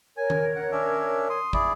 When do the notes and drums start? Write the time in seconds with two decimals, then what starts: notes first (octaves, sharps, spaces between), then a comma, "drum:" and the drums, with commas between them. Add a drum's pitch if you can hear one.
0.17 A#4 C#5 G#5
0.30 drum: tom D#3
0.56 F#5
0.72 C#4 D4 E5
1.30 C6 D#6
1.53 E4 G#4 D5, drum: kick